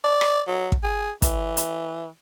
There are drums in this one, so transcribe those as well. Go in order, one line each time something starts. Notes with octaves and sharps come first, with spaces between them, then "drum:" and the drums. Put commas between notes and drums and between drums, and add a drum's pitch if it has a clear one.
D5
drum: rim click
F#3
drum: kick
G#4
E3, drum: kick, hi-hat
drum: hi-hat